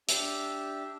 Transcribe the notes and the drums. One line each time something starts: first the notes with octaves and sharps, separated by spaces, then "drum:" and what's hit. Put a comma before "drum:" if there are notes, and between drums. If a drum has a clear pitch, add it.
D4 G4 E5, drum: hi-hat